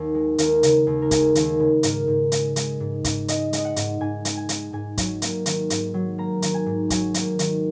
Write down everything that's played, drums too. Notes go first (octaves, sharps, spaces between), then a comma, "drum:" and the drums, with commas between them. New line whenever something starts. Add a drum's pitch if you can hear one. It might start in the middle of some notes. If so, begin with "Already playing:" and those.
Already playing: D#2
G#3
D#2 A#4, drum: hi-hat
C#3, drum: hi-hat
D#2
A#4
G#3 G#4, drum: kick, hi-hat
D#2, drum: hi-hat
C#3
G#2 A#4, drum: hi-hat
G#2
G#3, drum: hi-hat
G#3, drum: hi-hat
G#2
G#2, drum: kick, hi-hat
G#3 D#5, drum: hi-hat
G#3 D#5, drum: hi-hat
F#5
G#2, drum: hi-hat
G#2 G#5
G#3, drum: hi-hat
G#5
G#3, drum: hi-hat
G#2 G#5
F#3, drum: kick, hi-hat
A#3, drum: hi-hat
D#3, drum: hi-hat
G#2, drum: hi-hat
F#3
A#3 A#5
D#3, drum: hi-hat
G#5
G#2
F#3 G#5, drum: kick, hi-hat
A#3, drum: hi-hat
D#3, drum: hi-hat